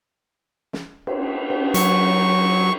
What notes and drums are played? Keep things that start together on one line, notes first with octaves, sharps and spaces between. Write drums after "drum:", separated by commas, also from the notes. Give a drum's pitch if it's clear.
drum: snare
drum: cymbal
drum: cymbal
F#3 C#6, drum: hi-hat